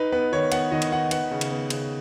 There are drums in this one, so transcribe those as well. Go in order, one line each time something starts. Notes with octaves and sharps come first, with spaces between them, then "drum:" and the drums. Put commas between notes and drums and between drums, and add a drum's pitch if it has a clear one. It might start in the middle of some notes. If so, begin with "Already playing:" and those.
Already playing: D#4 B4
B3 B4
D#3 C#5
B3 F#5, drum: cymbal
D#3 D#5
drum: cymbal
D#4 F#5
B3 F#5, drum: cymbal
C#3
drum: cymbal
B3
C#3, drum: cymbal